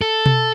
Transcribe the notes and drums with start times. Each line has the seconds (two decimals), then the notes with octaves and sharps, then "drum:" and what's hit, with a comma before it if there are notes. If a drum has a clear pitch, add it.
0.01 A4
0.26 drum: tom B2